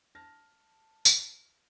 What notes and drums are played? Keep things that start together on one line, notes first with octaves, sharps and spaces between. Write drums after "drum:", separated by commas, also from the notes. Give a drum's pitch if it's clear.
A5 F6 A#6
drum: tambourine